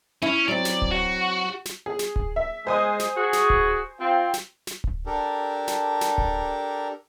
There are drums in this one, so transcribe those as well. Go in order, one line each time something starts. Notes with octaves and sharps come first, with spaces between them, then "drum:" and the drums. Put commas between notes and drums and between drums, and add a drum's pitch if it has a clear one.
C#4 E4
F#3 C4 D5
drum: snare
drum: kick D1
F#4
drum: snare
G#4
drum: snare
drum: kick D1
E5
G#3 C5 G#5 D#6
drum: snare
F#4 G#4
drum: snare
drum: kick D1
C4 F4
drum: snare
drum: snare
drum: kick D1
D4 G4 A4 A#4
drum: snare
drum: snare
drum: kick D1